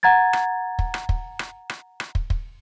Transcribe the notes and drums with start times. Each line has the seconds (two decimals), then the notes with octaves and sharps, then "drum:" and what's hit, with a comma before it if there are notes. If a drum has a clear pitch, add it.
0.03 F#5 A#5 G#6 A6
0.33 drum: rim click
0.79 drum: kick
0.94 drum: rim click
1.09 drum: kick
1.39 drum: rim click
1.70 drum: rim click
2.00 drum: rim click
2.15 drum: kick
2.30 drum: kick